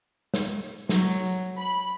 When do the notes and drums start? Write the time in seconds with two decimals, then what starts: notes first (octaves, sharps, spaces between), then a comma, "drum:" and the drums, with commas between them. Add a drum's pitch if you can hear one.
0.34 drum: snare
0.89 F#3, drum: snare
1.55 B5